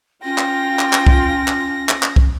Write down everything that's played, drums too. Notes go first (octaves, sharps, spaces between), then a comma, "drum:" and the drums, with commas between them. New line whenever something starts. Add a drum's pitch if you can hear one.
C#4 F4 G5 A#6
drum: clap
drum: clap
drum: clap
drum: kick
drum: clap
drum: clap
drum: clap
drum: kick